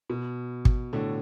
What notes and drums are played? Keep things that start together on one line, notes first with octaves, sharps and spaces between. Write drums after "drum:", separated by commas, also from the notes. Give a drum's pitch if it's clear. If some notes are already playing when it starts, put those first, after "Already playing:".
B2
drum: kick
A2 D3